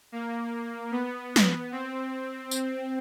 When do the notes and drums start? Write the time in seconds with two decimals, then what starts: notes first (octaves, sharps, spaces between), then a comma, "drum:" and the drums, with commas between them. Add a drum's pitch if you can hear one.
0.12 A#3
0.91 B3
1.36 drum: snare
1.72 C4
2.51 C4, drum: tambourine